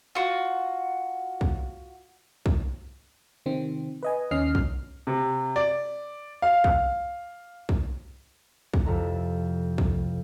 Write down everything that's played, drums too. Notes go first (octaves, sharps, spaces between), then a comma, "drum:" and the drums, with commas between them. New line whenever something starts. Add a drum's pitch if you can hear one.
F4 F#4
drum: kick
drum: kick
C3 D#3 C4
B4 D#5 G#5
D#2 C#4 D#5 F6 C7
drum: kick
C3
D5
F5
drum: kick
drum: kick
drum: kick
F2 C3 E4 A4 A#5
drum: kick